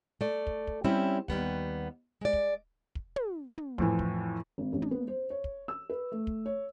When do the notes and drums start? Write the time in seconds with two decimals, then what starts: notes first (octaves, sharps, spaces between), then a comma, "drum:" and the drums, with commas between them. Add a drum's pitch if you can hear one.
0.21 A3 D5
0.47 drum: kick
0.67 drum: kick
0.84 G3 C4 C#4 E4 G4
1.28 D#2 G3 B3 F#5, drum: kick
2.21 G#3 D5
2.33 drum: kick
2.95 drum: kick
3.16 drum: tom
3.58 drum: tom
3.78 F2 A2 E3, drum: kick
3.99 drum: kick
4.58 G#1
4.73 A1
4.82 drum: tom
4.91 B3
5.08 C5
5.30 C#5
5.44 drum: kick
5.68 E6
5.90 B4
6.12 A3
6.27 drum: kick
6.46 C#5